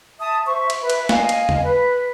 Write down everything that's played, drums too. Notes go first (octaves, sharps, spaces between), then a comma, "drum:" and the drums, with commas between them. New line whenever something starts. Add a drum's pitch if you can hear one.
E5 A5 D#6
C5 E5 C#6
drum: cymbal
B4 E5
drum: cymbal
D#5 F5 G#5, drum: snare
drum: cymbal
drum: tom
B4